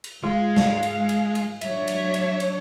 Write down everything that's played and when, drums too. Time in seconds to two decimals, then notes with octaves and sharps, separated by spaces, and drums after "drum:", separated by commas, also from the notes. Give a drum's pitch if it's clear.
0.04 drum: cymbal
0.23 G#2 G#3 F4 F5
0.56 drum: snare
0.83 drum: cymbal
1.09 drum: cymbal
1.35 drum: cymbal
1.61 F#3 D4 C#5 E5, drum: cymbal
1.88 drum: cymbal
2.14 drum: cymbal
2.40 drum: cymbal